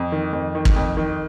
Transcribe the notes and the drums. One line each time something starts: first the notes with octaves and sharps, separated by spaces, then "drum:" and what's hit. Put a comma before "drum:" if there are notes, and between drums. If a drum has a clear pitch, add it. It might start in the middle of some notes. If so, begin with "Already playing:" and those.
Already playing: F2
D#3
F2
D#3
drum: kick
F2
D#3